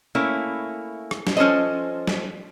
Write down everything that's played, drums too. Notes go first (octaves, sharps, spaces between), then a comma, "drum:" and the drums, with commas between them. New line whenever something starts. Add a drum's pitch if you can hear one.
A3 A#3 C#4 E4
drum: rim click
drum: snare
F3 C#4 A4 C5 D#5
drum: snare